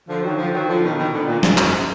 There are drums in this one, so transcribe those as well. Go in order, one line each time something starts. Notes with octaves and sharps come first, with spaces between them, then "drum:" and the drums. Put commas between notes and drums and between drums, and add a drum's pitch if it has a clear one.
D3 F3
D#3 F#3
D3 F3
D#3 F#3
D3 F3
B2 D#3
B2 D#3
A#2 D3
A#2
G#2, drum: snare
F#2, drum: clap